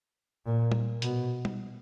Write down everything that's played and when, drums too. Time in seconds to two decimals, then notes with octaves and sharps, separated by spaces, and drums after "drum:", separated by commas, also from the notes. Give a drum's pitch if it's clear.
0.46 A#2
0.72 drum: tom
1.02 B2, drum: hi-hat
1.45 drum: tom